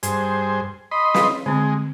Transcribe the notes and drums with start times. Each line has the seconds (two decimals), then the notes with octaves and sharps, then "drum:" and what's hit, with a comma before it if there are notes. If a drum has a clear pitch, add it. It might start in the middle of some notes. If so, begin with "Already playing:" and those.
0.03 G2 G#4 C5, drum: hi-hat
0.91 D#5 B5 C6
1.14 B4 F5, drum: snare
1.46 D3 G#3 C4